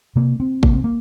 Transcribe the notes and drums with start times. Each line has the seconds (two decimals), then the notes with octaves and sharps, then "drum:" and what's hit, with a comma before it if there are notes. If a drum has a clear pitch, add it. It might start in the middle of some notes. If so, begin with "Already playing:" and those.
0.16 C3 A#3
0.40 C4
0.63 C2 A#3, drum: kick
0.73 C4
0.84 A#3